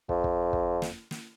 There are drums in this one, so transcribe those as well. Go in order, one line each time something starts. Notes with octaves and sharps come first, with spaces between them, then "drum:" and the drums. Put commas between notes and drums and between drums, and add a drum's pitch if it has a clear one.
F2, drum: kick
drum: kick
drum: kick
drum: snare
drum: snare